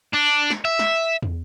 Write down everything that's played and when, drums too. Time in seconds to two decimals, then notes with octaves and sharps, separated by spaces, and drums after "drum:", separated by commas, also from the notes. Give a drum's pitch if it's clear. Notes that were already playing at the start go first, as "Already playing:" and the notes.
0.14 D4
0.50 drum: snare
0.65 E5
0.79 drum: snare
1.23 drum: tom